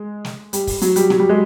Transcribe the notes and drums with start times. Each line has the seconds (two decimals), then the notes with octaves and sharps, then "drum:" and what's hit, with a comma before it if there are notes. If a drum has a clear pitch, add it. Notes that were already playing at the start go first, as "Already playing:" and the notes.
Already playing: G#3
0.25 drum: snare
0.53 G3, drum: hi-hat
0.67 drum: kick, open hi-hat
0.82 F#3, drum: hi-hat
0.96 G3, drum: hi-hat
1.10 F#3, drum: snare
1.20 G3
1.29 G#3